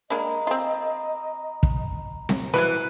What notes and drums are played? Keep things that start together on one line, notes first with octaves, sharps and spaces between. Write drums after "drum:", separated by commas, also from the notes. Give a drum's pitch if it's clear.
G#3 A#3 D4 D#5 A#5 B5
C4 F4
drum: kick
drum: snare C4
E3 E4 F#4 B4 F#6 D#7